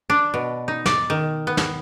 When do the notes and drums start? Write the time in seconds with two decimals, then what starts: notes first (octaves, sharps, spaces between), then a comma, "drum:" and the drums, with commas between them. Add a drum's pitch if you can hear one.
0.10 D4
0.34 B2
0.68 D#4
0.86 D5, drum: snare
1.10 D#3
1.47 B3
1.57 drum: snare